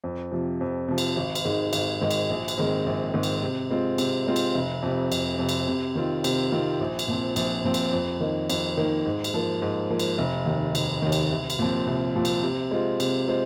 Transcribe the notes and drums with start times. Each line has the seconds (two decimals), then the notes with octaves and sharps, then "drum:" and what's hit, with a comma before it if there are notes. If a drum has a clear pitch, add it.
0.04 F2
0.32 C3 F3
0.61 F2
0.88 C3 F3
0.98 drum: cymbal
1.17 G#1
1.35 drum: cymbal
1.45 G#2 D#3 G#3
1.73 G#1, drum: cymbal
2.01 G#2 D#3 G#3
2.11 drum: cymbal
2.30 A#1
2.48 drum: cymbal
2.58 G#2 D#3 G#3 C4
2.86 A#1
3.14 G#2 D#3 G#3 C4
3.23 drum: cymbal
3.42 C3
3.70 G#3 C4 F4 C5
3.98 C3, drum: cymbal
4.27 G#3 C4 F4 C5
4.36 drum: cymbal
4.55 F1
4.82 F2 C3
5.12 F1, drum: cymbal
5.39 F2 C3
5.49 drum: cymbal
5.68 C3
5.95 D#3 C4 F4
6.24 C3, drum: cymbal
6.52 D#3 C4 F4
6.81 A#1
6.99 drum: cymbal
7.08 A#2 F3 C4
7.36 A#1, drum: cymbal
7.64 A#2 F3 C4
7.74 drum: cymbal
7.93 F2
8.20 D#3 A#3 D#4
8.50 F2, drum: cymbal
8.77 D#3 A#3 D#4
9.05 G#2
9.24 drum: cymbal
9.34 F3 A#3
9.62 G#2
9.90 F3 A#3
9.99 drum: cymbal
10.18 F1
10.46 D#2 D#3
10.75 F1, drum: cymbal
11.02 D#2 D#3
11.12 drum: cymbal
11.31 C2
11.50 drum: cymbal
11.59 A#2 F3 C4
11.87 C2
12.16 A#2 F3 C4
12.25 drum: cymbal
12.43 C3
12.71 G#3 F4 C5
13.00 C3, drum: cymbal
13.28 G#3 F4 C5